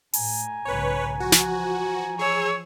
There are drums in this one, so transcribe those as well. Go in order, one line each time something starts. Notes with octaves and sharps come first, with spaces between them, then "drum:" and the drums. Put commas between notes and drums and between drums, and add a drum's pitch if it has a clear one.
A2 G#5 A#5, drum: open hi-hat
B1 G#2 C#3 B4 C#5
E3 F3 F#4
drum: snare
G#4 C#5 E6 E7